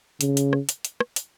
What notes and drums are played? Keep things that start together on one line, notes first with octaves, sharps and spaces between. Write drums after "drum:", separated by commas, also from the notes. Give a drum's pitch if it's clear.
C#3, drum: hi-hat
drum: hi-hat
drum: rim click
drum: hi-hat
drum: hi-hat
drum: rim click
drum: hi-hat